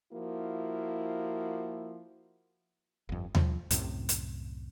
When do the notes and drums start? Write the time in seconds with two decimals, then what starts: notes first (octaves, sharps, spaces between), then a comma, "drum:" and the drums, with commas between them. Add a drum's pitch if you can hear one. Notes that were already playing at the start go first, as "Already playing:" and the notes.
0.12 F3 A#3 E4 F#4
3.09 G1 F2
3.35 F3, drum: tom D#2
3.71 C2 F#2 A2 C3, drum: hi-hat
4.09 drum: hi-hat